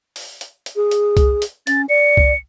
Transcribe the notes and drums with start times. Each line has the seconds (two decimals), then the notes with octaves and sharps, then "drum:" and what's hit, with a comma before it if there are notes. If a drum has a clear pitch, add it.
0.16 drum: open hi-hat
0.41 drum: hi-hat
0.66 drum: hi-hat
0.76 G#4
0.91 drum: hi-hat
1.17 drum: kick C2, hi-hat
1.42 drum: hi-hat
1.67 C#4 A6, drum: hi-hat
1.89 D5 C#7
2.17 drum: kick C2